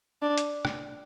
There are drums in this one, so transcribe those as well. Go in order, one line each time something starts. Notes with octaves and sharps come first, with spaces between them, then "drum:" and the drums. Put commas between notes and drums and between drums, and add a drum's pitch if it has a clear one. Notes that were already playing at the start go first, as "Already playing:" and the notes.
D4
drum: hi-hat
drum: rim click